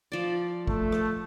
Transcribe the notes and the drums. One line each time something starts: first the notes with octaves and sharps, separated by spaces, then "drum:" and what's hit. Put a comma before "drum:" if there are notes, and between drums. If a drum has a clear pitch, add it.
F3 D5
A3, drum: kick
drum: rim click